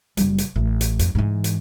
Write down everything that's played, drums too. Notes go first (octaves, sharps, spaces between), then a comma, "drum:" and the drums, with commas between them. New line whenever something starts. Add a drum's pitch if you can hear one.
F#1 G3, drum: hi-hat
drum: hi-hat
A1
drum: hi-hat
F2, drum: hi-hat
G#2 E3
drum: hi-hat